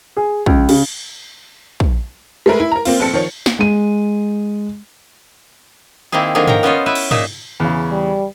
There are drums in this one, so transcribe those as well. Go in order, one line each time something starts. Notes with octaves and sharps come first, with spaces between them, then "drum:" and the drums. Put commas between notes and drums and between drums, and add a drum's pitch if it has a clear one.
G#4
C#2, drum: kick
C#3, drum: cymbal
drum: kick
G#3 A3 A#4 B4
E4
A#4 A#5
A#3 C4 F4, drum: cymbal
A#1 C4 A4 C#7
D#3 F3 C#5
drum: snare
G#3 D#7
D#3 A#3 C4 E4 G#4
D3 D#3 F3 A#3 G#4
A#4 C#5 G5 A#5, drum: tom
B3 C#4 F4 C5 C#5 D#5
E4 B4 E5
drum: cymbal
A#2 D#4 G#4 E5, drum: tom
E2 C#3
G3